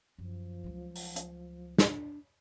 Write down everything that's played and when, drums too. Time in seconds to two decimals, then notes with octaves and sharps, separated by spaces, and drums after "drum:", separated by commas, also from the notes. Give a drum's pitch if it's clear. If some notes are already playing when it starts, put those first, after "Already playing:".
0.18 F#2 F3
0.64 C#2 F#3
0.96 drum: open hi-hat
1.16 drum: hi-hat
1.78 D4, drum: snare